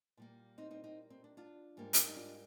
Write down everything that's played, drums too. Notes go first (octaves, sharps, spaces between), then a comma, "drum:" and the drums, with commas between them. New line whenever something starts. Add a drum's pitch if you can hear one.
A#2 G3 A#3
C4 D#4
C4 D#4
C4 D#4
C4
D4
D4 F4
G#2 G3 A#3
drum: hi-hat
D#4
D4 F4